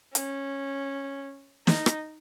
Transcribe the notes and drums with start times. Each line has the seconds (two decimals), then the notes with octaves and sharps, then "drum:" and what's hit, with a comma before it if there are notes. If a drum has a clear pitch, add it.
0.15 C#4, drum: hi-hat
1.67 D#4, drum: snare
1.86 drum: rim click